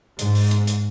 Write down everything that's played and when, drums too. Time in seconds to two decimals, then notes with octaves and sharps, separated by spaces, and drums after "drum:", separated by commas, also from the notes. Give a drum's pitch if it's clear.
0.19 G#2, drum: hi-hat
0.35 drum: open hi-hat
0.51 drum: hi-hat
0.67 drum: hi-hat